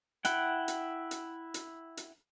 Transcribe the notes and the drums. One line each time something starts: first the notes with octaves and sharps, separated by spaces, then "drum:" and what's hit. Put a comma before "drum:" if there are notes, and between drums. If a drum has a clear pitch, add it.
E4 F#5 G5, drum: hi-hat
drum: hi-hat
drum: hi-hat
drum: hi-hat
drum: hi-hat